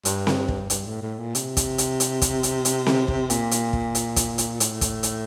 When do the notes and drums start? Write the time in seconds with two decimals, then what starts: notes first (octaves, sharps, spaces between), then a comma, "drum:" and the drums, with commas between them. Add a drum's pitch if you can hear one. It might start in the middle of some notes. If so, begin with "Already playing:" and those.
0.05 G2, drum: hi-hat
0.27 drum: snare C4
0.48 drum: kick
0.70 G2, drum: hi-hat
0.86 A2
1.02 A2
1.19 A#2
1.35 C3, drum: hi-hat
1.57 drum: kick, hi-hat
1.78 drum: hi-hat
2.00 drum: hi-hat
2.22 drum: kick, hi-hat
2.43 drum: hi-hat
2.65 drum: hi-hat
2.86 drum: snare C4
3.08 drum: kick
3.30 A#2, drum: hi-hat
3.51 drum: hi-hat
3.73 drum: kick
3.95 drum: hi-hat
4.16 drum: kick, hi-hat
4.38 drum: hi-hat
4.60 A2, drum: hi-hat
4.81 drum: kick, hi-hat
5.03 drum: hi-hat